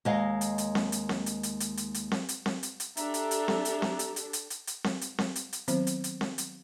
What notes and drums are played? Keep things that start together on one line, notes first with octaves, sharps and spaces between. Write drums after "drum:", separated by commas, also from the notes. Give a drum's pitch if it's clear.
D#2 G#3 D#5 F5
drum: hi-hat
drum: hi-hat
drum: snare C4
drum: hi-hat
drum: snare C4
drum: hi-hat
drum: hi-hat
drum: hi-hat
drum: hi-hat
drum: hi-hat
drum: snare C4
drum: hi-hat
drum: snare C4
drum: hi-hat
drum: hi-hat
D4 G4 A4 E5 A#5, drum: hi-hat
drum: hi-hat
drum: hi-hat
drum: snare C4
drum: hi-hat
drum: snare C4
drum: hi-hat
drum: hi-hat
drum: hi-hat
drum: hi-hat
drum: hi-hat
drum: snare C4
drum: hi-hat
drum: snare C4
drum: hi-hat
drum: hi-hat
D#3 F#3 B3 C4 C5, drum: hi-hat
drum: hi-hat
drum: hi-hat
drum: snare C4
drum: hi-hat